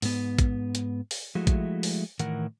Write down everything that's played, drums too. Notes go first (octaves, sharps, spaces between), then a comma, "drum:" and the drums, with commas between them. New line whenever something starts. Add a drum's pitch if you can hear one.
G#2 B3, drum: open hi-hat
drum: kick A1, hi-hat
drum: hi-hat
drum: open hi-hat
F3 G#3 A3 E4 F#4
drum: kick A1, hi-hat
drum: open hi-hat
A2 D#3 E3 A#4 F#5, drum: hi-hat